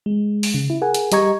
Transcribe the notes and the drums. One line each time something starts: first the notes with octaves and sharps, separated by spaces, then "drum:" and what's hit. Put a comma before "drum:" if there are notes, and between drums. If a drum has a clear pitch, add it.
G#3
drum: open hi-hat
C#3
E4
G#4 A#4 F#5 G#5
drum: hi-hat
G3 G4 D#5 A#5 C#6 G#6, drum: hi-hat